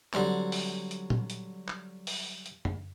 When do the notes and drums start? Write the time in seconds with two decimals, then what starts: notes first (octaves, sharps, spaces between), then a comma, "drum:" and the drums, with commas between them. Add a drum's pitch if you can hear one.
0.14 D3 F#3 G3 C4, drum: clap
0.52 drum: open hi-hat
0.91 drum: hi-hat
1.10 drum: tom A#2
1.30 drum: hi-hat
1.68 drum: clap
2.07 drum: open hi-hat
2.46 drum: hi-hat
2.65 drum: tom